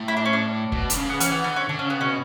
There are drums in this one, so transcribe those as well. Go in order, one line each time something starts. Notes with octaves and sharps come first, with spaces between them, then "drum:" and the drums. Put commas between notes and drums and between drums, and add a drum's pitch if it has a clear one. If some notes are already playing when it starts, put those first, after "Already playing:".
Already playing: A2
E4
D4
C#4
D4
B2, drum: kick
D3, drum: hi-hat
C#3
B3
E3 C#4, drum: hi-hat
B3
D3 B3
C#4
D3 D4
C#4
C#3
B3
B2 C#4